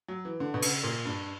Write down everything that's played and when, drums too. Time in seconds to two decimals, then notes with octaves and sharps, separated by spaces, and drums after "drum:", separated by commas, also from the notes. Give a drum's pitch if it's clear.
0.08 F#3
0.25 E3
0.40 D3
0.54 B2
0.62 C#3, drum: cymbal
0.83 A#2
1.05 G2